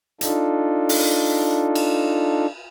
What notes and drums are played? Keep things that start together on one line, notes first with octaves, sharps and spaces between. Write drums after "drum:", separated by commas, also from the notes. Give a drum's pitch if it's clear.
D4 D#4 F4 A4, drum: hi-hat
drum: open hi-hat
drum: cymbal